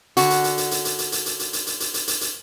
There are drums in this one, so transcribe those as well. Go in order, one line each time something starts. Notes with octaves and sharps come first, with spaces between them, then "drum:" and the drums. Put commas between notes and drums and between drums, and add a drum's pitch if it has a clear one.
D3 F#4, drum: hi-hat
drum: hi-hat
drum: hi-hat
drum: hi-hat
drum: hi-hat
drum: hi-hat
drum: hi-hat
drum: hi-hat
drum: hi-hat
drum: hi-hat
drum: hi-hat
drum: hi-hat
drum: hi-hat
drum: hi-hat
drum: hi-hat
drum: hi-hat